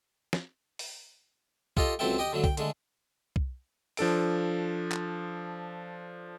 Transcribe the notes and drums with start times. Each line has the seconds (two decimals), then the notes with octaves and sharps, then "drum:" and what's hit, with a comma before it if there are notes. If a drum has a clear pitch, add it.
0.33 drum: snare
0.79 drum: open hi-hat
1.77 F4 G4 A4 D#5 F5, drum: kick
1.99 C#2 F#3 C4 A4 E5 G5
2.18 G4 D#5 G5 D#6
2.33 D3 F#3 A3
2.44 G5, drum: kick
2.57 D3 G#3 A3, drum: hi-hat
3.36 drum: kick
3.97 F3 D4 A4 D7, drum: open hi-hat
4.92 drum: clap